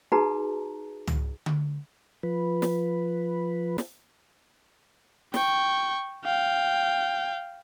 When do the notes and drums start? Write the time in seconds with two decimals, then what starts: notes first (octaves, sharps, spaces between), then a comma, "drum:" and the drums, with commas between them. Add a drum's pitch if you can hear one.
0.12 D#4 F#4 G#4 B4 A5 A#5
1.07 drum: tom
1.46 drum: tom D3
2.23 F3 B4
2.62 drum: snare
3.78 drum: snare
5.34 G5 C#6, drum: snare
6.25 F5 G5